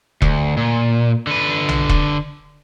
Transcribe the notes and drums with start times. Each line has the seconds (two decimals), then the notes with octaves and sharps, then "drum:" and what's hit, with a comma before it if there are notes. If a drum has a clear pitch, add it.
0.22 D2, drum: kick E1
0.57 A#2
1.27 D3 B4
1.69 drum: tom A#1
1.89 drum: kick E1